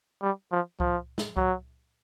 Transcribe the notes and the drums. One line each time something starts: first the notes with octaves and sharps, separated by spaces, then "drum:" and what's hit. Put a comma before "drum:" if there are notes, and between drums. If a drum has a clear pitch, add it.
G3
F3
F3, drum: kick C2
drum: snare
F#3, drum: kick C2